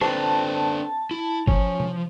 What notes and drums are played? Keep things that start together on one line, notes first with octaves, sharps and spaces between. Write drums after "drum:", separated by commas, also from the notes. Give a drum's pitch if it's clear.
C4 D4 A4 B4 A5, drum: rim click
E4
F3 C#4, drum: kick G1
drum: tom C3